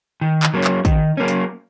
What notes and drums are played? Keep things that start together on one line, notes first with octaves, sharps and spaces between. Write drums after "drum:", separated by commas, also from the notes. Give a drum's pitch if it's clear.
D#3
drum: clap
F#3 A#3 C#4
drum: clap
D#3, drum: kick, hi-hat
F#3 A#3 C#4
drum: hi-hat